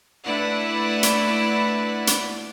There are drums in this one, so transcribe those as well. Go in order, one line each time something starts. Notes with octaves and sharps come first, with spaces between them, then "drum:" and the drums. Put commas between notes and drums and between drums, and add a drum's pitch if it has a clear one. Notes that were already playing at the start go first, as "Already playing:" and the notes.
A3 D4 E4 B4 D5 F#5
drum: hi-hat
drum: hi-hat